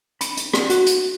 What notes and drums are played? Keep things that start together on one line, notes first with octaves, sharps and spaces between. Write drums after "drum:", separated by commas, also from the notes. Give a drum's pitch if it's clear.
B5, drum: hi-hat
drum: hi-hat
drum: rim click
F#4, drum: hi-hat
drum: hi-hat